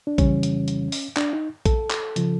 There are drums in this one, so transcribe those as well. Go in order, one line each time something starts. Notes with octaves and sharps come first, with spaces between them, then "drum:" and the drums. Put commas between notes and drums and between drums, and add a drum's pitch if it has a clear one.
D4
F2 C#3 E3 G3 C#4, drum: kick A#1, hi-hat
drum: hi-hat
drum: hi-hat
drum: open hi-hat
D4, drum: clap
D#4
A4, drum: kick A#1, hi-hat
drum: clap
C#3 F3, drum: hi-hat